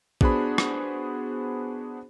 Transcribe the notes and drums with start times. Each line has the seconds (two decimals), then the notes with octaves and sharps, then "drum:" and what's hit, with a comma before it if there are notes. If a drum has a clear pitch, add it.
0.21 B3 D4 F#4 G#4 C5 B5, drum: kick
0.58 drum: rim click